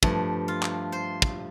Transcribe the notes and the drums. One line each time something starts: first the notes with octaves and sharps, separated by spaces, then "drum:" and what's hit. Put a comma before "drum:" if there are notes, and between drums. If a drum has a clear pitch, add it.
G2 F3 A3, drum: kick
F4
drum: clap
C5
drum: kick